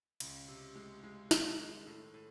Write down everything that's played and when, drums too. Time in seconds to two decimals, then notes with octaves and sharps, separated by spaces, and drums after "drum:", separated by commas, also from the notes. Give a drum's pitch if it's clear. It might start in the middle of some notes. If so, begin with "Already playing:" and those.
0.20 C#2, drum: cymbal
0.48 C3
0.75 G#3
1.03 G#3
1.31 G#3, drum: snare
1.58 D#3
1.86 A2
2.14 A2